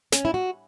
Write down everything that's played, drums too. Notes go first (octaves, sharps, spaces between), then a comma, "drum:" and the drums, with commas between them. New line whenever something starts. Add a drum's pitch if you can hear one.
C#4, drum: snare
E4
F#4